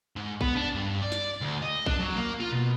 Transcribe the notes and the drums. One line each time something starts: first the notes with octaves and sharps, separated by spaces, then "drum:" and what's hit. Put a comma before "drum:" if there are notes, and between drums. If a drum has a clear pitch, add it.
G#2
B3, drum: kick A#1
D4
G2
D5
drum: snare
D2
D#5
D4, drum: kick A#1
F#3
A#3
F4
B2